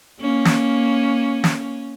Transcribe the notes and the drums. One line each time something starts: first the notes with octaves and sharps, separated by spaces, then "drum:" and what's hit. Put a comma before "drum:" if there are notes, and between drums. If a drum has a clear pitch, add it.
A#3 C#4
drum: snare
drum: snare